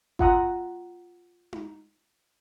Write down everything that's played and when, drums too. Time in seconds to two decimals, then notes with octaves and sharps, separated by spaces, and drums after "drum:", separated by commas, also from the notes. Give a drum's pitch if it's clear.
0.19 F4 E5 F#5 A#5 D#6, drum: kick G1
1.53 drum: tom D#4